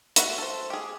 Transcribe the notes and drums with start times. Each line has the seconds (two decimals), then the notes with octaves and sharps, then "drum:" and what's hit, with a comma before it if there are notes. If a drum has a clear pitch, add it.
0.16 F#4 E5 F#5, drum: hi-hat
0.38 A4 C5
0.70 G4 G#4